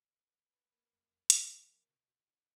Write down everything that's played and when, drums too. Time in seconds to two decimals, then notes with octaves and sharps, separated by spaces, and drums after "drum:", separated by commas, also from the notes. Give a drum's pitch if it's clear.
0.14 B4
0.33 B4
0.53 B4
0.72 A#3
0.92 F#1
1.11 F#1
1.30 F#1, drum: hi-hat
1.50 E3
1.70 A#3
1.88 B2
2.07 F#4
2.27 D#4